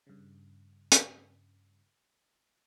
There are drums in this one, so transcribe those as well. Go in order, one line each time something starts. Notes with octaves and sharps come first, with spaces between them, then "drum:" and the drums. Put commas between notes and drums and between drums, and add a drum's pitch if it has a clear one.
G2 C#3
drum: hi-hat